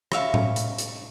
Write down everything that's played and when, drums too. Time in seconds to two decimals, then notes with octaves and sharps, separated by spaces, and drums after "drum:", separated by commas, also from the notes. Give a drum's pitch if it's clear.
0.12 C#5 E5 F5, drum: rim click
0.34 drum: tom A2
0.56 drum: hi-hat
0.78 drum: hi-hat